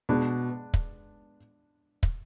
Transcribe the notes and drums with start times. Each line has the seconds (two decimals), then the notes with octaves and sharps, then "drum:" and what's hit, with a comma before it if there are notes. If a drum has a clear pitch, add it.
0.09 B2 G#3 B3 D4
0.74 drum: kick
2.03 drum: kick